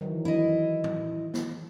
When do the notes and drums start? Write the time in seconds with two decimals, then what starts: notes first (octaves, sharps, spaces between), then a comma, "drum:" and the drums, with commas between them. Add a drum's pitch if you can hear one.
0.01 D#3 E3 F#3
0.25 E4 D#5
0.84 drum: tom
1.34 drum: snare